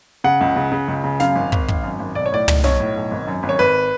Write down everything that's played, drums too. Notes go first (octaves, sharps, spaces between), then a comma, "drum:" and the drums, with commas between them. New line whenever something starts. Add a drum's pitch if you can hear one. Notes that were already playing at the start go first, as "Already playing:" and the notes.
C#3 F#5
C#2
C#3
C#3
C#2
C#3
F#2 F5, drum: snare
G#1
G#1, drum: kick
G#1, drum: kick
F#2
G#1
B1 D5
C#5
A2 D5
B1, drum: tom
B1 C#5, drum: snare
A2
B1
G#1
F#2
G#1
C#5
G#1 B4